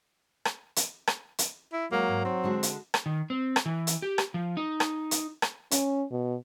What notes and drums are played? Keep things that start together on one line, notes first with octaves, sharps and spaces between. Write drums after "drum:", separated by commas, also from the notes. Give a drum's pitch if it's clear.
drum: rim click
drum: hi-hat
drum: rim click
drum: hi-hat
E4
F#3 G#3 A#3
G#2
C4 D#4
D3 G#3 F#4
drum: hi-hat
drum: rim click
D#3
C4
drum: rim click
E3
drum: hi-hat
G4
drum: rim click
F3
D#4
drum: rim click
drum: hi-hat
drum: rim click
C#4, drum: hi-hat
B2